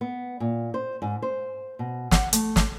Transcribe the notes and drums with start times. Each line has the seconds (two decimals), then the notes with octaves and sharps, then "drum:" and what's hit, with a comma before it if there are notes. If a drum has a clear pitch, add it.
0.01 B3
0.40 A#2
0.74 C5
1.02 G#2
1.22 C5
1.79 B2
2.11 F#5, drum: snare
2.33 A3, drum: hi-hat
2.56 drum: snare